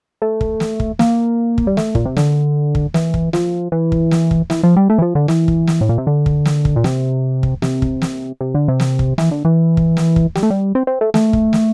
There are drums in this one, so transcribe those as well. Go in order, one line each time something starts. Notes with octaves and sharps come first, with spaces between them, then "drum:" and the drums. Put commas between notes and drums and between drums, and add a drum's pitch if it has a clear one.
A3
drum: kick
drum: snare
drum: kick
A#3, drum: snare
drum: kick
G3
A3, drum: snare
A#2, drum: kick
C3
D3, drum: snare
drum: kick
E3, drum: snare
drum: kick
F3, drum: snare
E3
drum: kick
drum: snare
drum: kick
E3, drum: snare
F3
G3
A3
E3
F3
D3
E3, drum: snare
drum: kick
drum: snare
A2
A#2
C3
D3
drum: kick
drum: snare
drum: kick
A#2
C3, drum: snare
drum: kick
C3, drum: snare
drum: kick
drum: snare
C3
D3
C3
drum: snare
drum: kick
E3, drum: snare
D3
E3
drum: kick
drum: snare
drum: kick
G3, drum: snare
A3
G3
C4
C4
A3
A3, drum: snare
drum: kick
drum: snare